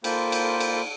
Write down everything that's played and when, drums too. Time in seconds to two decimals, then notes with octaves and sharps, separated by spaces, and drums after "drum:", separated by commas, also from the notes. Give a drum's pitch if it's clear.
0.04 A#3 F4 A4 C5 G5 B5, drum: cymbal
0.32 drum: cymbal
0.60 drum: cymbal